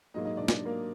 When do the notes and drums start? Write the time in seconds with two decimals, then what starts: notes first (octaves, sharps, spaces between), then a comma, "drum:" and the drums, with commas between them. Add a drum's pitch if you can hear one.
0.14 G#2 F#3 A#3 D#4 D#5
0.25 D#4 D#5
0.37 D4 D5
0.48 D4 D5, drum: snare
0.65 A#3 A#4